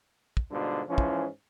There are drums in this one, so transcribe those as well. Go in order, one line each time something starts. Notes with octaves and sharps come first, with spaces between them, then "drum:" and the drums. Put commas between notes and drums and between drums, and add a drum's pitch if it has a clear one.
drum: kick
G#2 B2 D3 G3 D4 F4
G#2 E3 F3 C#4
drum: kick